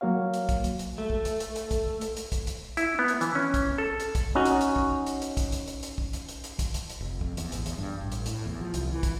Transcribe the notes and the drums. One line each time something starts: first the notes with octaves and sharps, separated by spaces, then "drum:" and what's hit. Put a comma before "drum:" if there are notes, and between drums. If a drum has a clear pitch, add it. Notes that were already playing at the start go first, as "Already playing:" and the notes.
F#3 A#3 F#4 C#5 F5
drum: hi-hat
drum: kick, hi-hat
drum: hi-hat
drum: hi-hat
A3
drum: kick
drum: hi-hat
drum: hi-hat
drum: hi-hat
drum: kick, hi-hat
drum: hi-hat
drum: hi-hat
drum: kick, hi-hat
drum: hi-hat
E4, drum: hi-hat
B3
drum: hi-hat
E3, drum: hi-hat
C#4
drum: kick, hi-hat
A4
drum: hi-hat
drum: kick, hi-hat
C#4 D#4 F#4
drum: hi-hat
drum: hi-hat
drum: kick
drum: hi-hat
drum: hi-hat
drum: kick, hi-hat
drum: hi-hat
drum: hi-hat
drum: hi-hat
drum: kick
drum: hi-hat
drum: hi-hat
drum: hi-hat
drum: kick, hi-hat
drum: hi-hat
drum: hi-hat
F1
F2, drum: kick
E2, drum: hi-hat
A1, drum: hi-hat
E2, drum: hi-hat
G2
A1
drum: hi-hat
A2, drum: hi-hat
E2
F3
C2, drum: hi-hat
E3
drum: kick, hi-hat